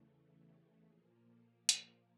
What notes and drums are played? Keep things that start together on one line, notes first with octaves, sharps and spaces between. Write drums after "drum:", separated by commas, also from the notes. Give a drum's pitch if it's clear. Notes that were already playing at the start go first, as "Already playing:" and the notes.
Already playing: E2 C#3 E3 A3
G4
A#2 F3 A#3 G#4
A4
G#4, drum: hi-hat